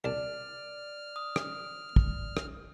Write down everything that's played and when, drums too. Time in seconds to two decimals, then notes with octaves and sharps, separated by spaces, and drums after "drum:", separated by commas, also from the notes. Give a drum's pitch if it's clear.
0.04 C2 D5 A5 F6
1.16 D#6
1.36 drum: rim click
1.96 drum: kick
2.37 drum: rim click